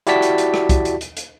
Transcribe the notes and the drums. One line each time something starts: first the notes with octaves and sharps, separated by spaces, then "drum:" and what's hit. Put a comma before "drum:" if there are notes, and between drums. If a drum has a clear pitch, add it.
E4 F#4 G4 D5 A5 B6, drum: hi-hat
drum: hi-hat
drum: hi-hat
drum: rim click
drum: kick C2, hi-hat
drum: hi-hat
drum: hi-hat
drum: hi-hat